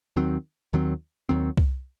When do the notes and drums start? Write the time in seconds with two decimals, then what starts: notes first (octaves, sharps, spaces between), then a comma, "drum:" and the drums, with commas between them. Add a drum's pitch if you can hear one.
0.16 D#2 D#3 F#3 C4
0.73 D#2 D#3 F#3 C4
1.29 D#2 D#3 F#3 C4
1.57 drum: kick C2